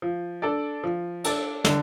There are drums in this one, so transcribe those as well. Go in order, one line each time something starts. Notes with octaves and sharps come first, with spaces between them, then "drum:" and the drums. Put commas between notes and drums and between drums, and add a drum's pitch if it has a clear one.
F3
D4 A4 D5
F3
D4 A4 D5, drum: cymbal
D3, drum: snare